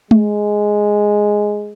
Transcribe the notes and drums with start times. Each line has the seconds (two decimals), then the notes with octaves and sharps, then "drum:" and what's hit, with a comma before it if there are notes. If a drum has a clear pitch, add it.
0.11 G#3, drum: tom G#3